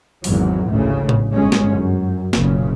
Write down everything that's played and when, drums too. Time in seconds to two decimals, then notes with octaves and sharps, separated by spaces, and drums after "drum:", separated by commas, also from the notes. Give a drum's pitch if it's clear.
0.24 G#1 E2 G#2 E3 F#3, drum: open hi-hat
0.69 A1 D2 C#3 A3
1.09 drum: tom A2
1.31 G1 G#3 C#4
1.52 drum: snare
1.71 F#2
2.33 F#1 B1 A#2 C#3, drum: snare